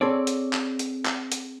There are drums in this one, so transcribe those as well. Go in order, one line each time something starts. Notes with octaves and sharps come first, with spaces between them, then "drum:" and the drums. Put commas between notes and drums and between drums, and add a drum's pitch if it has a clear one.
C4 G#4 A4 C#5 D5
drum: hi-hat
drum: clap
drum: hi-hat
drum: clap
drum: hi-hat